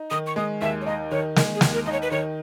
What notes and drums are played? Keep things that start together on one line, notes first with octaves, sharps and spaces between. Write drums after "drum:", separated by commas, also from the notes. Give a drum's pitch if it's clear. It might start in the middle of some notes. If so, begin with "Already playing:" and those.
Already playing: D#4
D#3 D#6
C#6
G#3 D#6
D#2 E5
C#5
D#4 D#5
D#3 C#5
G#3 A#4, drum: snare
G#4
D#2, drum: snare
A#4
D#4 D#5
C#5
B4
D#3 C#5